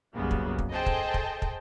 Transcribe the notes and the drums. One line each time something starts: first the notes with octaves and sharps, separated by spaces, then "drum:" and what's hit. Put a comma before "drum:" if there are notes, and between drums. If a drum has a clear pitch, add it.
B1 F#2 C#3 G3 A#3 B3
drum: kick
drum: kick
G#4 A4 C5 D#5 G5 A5
drum: kick
drum: kick
drum: kick